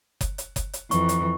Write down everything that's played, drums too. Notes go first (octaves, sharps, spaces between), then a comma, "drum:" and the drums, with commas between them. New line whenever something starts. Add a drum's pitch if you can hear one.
drum: kick F#1, hi-hat
drum: hi-hat
drum: kick F#1, hi-hat
drum: hi-hat
F2 E3 C#6, drum: hi-hat
drum: hi-hat